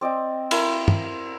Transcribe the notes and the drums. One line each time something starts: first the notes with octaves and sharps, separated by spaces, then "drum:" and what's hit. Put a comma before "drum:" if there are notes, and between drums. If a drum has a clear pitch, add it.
C4 D5 D#5 G5
E4 A#4 F5 C6, drum: cymbal
drum: tom